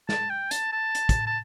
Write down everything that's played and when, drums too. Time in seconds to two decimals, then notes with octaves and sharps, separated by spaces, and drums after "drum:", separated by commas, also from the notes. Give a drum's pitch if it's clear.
0.09 A5, drum: snare
0.30 G5
0.51 A5, drum: hi-hat
0.72 A5
0.95 drum: hi-hat
1.09 drum: kick, hi-hat
1.27 A5